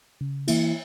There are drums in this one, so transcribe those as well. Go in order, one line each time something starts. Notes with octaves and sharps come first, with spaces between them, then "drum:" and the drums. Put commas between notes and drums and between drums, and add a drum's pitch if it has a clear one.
C#3
E3 A#3 E4, drum: cymbal